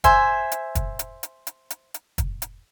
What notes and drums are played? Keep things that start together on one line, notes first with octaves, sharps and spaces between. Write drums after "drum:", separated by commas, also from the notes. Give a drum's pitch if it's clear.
C5 E5 G#5, drum: kick, hi-hat
drum: hi-hat
drum: kick, hi-hat
drum: hi-hat
drum: hi-hat
drum: hi-hat
drum: hi-hat
drum: hi-hat
drum: kick, hi-hat
drum: hi-hat